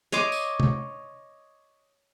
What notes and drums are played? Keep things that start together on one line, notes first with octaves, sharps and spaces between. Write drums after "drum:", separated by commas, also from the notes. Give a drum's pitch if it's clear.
C#5 D#5 C6 D6, drum: hi-hat
drum: tambourine
drum: tom